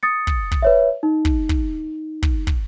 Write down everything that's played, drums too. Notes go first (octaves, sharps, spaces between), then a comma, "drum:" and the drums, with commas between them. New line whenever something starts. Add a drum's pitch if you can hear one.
D#6 A6 C#7
drum: kick
drum: kick
B4 C#5 E5
D#4
drum: kick
drum: kick
drum: kick
drum: kick